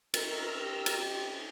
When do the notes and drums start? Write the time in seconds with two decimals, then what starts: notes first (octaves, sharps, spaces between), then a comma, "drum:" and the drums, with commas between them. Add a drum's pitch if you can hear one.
0.14 A#4 A#5 E6, drum: cymbal
0.61 G4
0.86 drum: cymbal